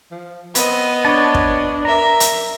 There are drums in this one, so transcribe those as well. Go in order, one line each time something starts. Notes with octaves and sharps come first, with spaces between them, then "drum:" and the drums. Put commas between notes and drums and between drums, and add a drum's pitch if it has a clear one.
F3
B3 C4 D#5, drum: hi-hat
D4 C#5 A5
drum: kick
A#4 E5 A#5
drum: hi-hat